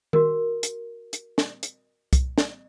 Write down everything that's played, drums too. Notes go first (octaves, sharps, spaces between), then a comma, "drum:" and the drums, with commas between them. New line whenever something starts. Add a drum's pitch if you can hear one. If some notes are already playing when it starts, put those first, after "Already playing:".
F#4 A#4, drum: tom D#3
drum: hi-hat
drum: hi-hat
drum: snare
drum: hi-hat
drum: kick C2, hi-hat
drum: snare